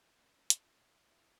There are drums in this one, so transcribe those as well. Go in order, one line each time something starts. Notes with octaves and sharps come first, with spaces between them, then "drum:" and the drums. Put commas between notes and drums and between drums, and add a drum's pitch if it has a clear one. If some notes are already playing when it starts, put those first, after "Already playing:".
Already playing: E4
C#4
drum: hi-hat
E4
E4